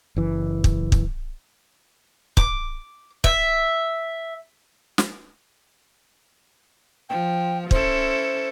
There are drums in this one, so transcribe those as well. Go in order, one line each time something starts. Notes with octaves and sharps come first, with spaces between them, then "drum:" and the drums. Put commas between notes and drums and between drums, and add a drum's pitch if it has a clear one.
F#1 E3
drum: kick
drum: kick
D6, drum: kick
E5, drum: kick
drum: snare
F3 G5
C#4 E4 A4 C5, drum: kick